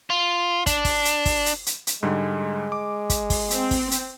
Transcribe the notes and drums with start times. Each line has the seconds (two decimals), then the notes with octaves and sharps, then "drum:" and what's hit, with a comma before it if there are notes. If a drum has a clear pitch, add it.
0.10 F4
0.66 D4, drum: kick, hi-hat
0.85 drum: kick, open hi-hat
1.05 drum: hi-hat
1.26 drum: kick, open hi-hat
1.46 drum: hi-hat
1.66 drum: hi-hat
1.87 drum: hi-hat
2.03 G#2 D3 G3 G#3
2.72 D6
3.10 drum: kick, hi-hat
3.30 drum: kick, open hi-hat
3.50 C4, drum: hi-hat
3.71 drum: kick, open hi-hat
3.91 drum: hi-hat